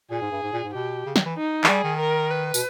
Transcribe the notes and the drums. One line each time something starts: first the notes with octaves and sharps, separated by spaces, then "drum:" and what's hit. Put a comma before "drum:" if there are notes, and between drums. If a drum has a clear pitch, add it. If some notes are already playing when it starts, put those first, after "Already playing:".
A#2 G#4
G#2
G2
G#2
A#2
G#2
B2 G4
C#3
D#3, drum: snare
E3
D#4
E3, drum: clap
G3 G#4
D#3
A#4
B4
B2, drum: tambourine